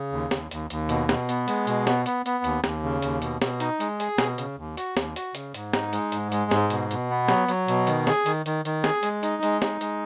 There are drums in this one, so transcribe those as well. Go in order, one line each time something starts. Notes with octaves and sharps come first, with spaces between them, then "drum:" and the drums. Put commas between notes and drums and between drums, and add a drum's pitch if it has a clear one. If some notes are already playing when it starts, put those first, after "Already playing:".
Already playing: C#3
D#2
D#2, drum: snare
D#2, drum: hi-hat
D#2, drum: hi-hat
B2, drum: hi-hat
B2, drum: snare
B3, drum: hi-hat
G#3, drum: hi-hat
B2, drum: hi-hat
B3, drum: snare
B3, drum: hi-hat
B3, drum: hi-hat
D#2, drum: hi-hat
D#2, drum: snare
C#3
D#2, drum: hi-hat
B2, drum: hi-hat
B2, drum: snare
D#4, drum: hi-hat
G#3, drum: hi-hat
G#4, drum: hi-hat
B2, drum: snare
C#3, drum: hi-hat
D#2
F#4, drum: hi-hat
D#2, drum: snare
F#4, drum: hi-hat
C#3, drum: hi-hat
G#2, drum: hi-hat
D#4, drum: snare
G#3, drum: hi-hat
G#2, drum: hi-hat
G#3, drum: hi-hat
G#2, drum: snare
B2, drum: hi-hat
B2, drum: hi-hat
B3
F#3, drum: snare
F#3, drum: hi-hat
B2, drum: hi-hat
D#3, drum: hi-hat
G#4, drum: snare
D#3, drum: hi-hat
D#3, drum: hi-hat
D#3, drum: hi-hat
G#4, drum: snare
G#3, drum: hi-hat
D#4, drum: hi-hat
G#3, drum: hi-hat
D#4, drum: snare
G#3, drum: hi-hat